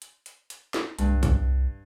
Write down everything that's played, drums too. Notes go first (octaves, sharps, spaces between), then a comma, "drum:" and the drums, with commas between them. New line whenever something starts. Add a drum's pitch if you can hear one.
drum: hi-hat
drum: hi-hat
drum: hi-hat
drum: snare
C2 G2, drum: hi-hat
drum: kick, hi-hat